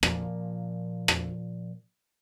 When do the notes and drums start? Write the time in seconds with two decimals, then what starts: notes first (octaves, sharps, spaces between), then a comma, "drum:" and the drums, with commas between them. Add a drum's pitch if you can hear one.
0.03 A#2 F3 A#3, drum: rim click
1.08 drum: rim click